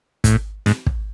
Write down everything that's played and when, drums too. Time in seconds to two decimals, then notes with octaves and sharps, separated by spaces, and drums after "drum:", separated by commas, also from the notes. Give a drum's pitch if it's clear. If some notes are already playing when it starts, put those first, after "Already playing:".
0.24 A2, drum: kick, hi-hat
0.66 G#2, drum: snare
0.86 drum: kick